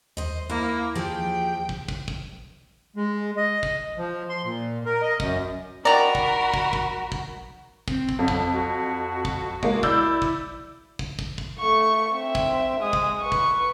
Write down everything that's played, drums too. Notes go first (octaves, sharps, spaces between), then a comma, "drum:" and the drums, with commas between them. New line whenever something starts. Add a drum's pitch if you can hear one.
D#2 C5 D#5
A#3 E4
F3 G4 G#4 G5
drum: kick
drum: kick
drum: kick
G#3
D#5
drum: kick
F3
C6
A#2
A#4
D#5
F#2, drum: kick
D#3 F#4 A#4 D5 A#5 B5
drum: kick
drum: kick
drum: kick
drum: kick
C4, drum: kick
drum: kick
F2 F#3
drum: kick
F#4
drum: kick
G#3 A#3, drum: kick
E4 D5 E6 G6, drum: kick
drum: kick
drum: kick
drum: kick
drum: kick
A3 C#6
C4 E5
drum: kick
G#3 D#6
drum: kick
B4 C#6
drum: kick